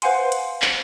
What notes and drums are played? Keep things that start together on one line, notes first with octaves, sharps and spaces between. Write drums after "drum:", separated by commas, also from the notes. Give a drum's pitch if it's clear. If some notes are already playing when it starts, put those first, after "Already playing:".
B4 C5 F5 F#5 G#5 C6, drum: hi-hat
drum: hi-hat
drum: clap